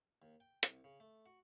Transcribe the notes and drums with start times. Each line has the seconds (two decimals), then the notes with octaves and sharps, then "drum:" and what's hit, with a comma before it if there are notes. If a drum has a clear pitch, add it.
0.22 D#2
0.40 G5
0.63 C2, drum: hi-hat
0.84 C#3
1.00 A3
1.26 F#4